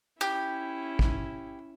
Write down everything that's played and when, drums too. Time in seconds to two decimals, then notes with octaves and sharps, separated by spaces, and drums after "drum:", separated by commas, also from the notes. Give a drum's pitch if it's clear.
0.21 C#4 E4 G4
0.99 drum: kick